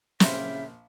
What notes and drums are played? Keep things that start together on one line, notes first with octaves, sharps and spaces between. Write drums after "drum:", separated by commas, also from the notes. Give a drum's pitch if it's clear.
A#1 C#3 E4 G4 A#4 C5 E5, drum: snare